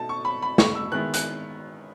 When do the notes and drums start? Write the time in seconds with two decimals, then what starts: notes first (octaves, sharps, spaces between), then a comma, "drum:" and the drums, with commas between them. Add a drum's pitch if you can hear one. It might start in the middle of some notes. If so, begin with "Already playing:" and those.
Already playing: B2 A3 D#4 A5
0.09 C#6
0.25 B5
0.42 B5
0.58 C#6, drum: snare
0.75 E6
0.92 D#3 G#3 B3 E4 F#6
1.14 F#6, drum: hi-hat